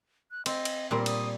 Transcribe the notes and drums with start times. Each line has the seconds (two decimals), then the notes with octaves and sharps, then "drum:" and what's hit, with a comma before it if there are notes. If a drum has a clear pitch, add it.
0.31 F#6
0.46 C4 D#5, drum: cymbal
0.65 drum: cymbal
0.91 A#2 G3 C4 A#4
1.06 D#6, drum: cymbal